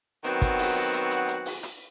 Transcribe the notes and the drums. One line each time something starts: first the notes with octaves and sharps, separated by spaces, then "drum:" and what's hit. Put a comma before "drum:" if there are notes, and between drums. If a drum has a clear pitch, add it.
D#3 F#3 B3 C4 F#4, drum: hi-hat
drum: kick, hi-hat
drum: open hi-hat
drum: hi-hat
drum: hi-hat
drum: hi-hat
drum: hi-hat
drum: open hi-hat
drum: hi-hat